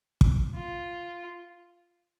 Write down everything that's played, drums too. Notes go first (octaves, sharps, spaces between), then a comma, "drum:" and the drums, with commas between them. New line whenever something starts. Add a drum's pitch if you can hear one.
drum: kick
F4